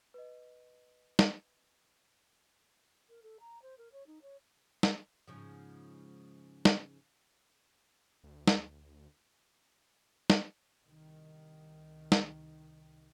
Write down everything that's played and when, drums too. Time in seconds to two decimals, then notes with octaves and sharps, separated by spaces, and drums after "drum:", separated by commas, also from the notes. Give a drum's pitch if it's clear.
0.14 B4 D#5
1.19 drum: snare
3.09 A#4
3.23 A4
3.40 A#5
3.62 C5
3.78 A#4
3.92 C#5
4.07 D#4
4.22 C#5
4.83 drum: snare
5.28 G#2 C#3 F3
6.65 drum: snare
8.24 D2
8.48 drum: snare
10.30 drum: snare
10.86 C2 D#3
12.12 drum: snare